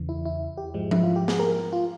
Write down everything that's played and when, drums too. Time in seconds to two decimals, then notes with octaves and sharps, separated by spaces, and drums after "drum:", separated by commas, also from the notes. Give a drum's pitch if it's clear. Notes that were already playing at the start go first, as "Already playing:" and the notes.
Already playing: E2 C#3 E3
0.09 E4
0.25 E4
0.58 G4
0.74 G#2 F3 G#3
0.91 E4, drum: tom F3
1.03 F4
1.16 G4
1.28 G#4, drum: snare
1.39 A#4
1.73 F4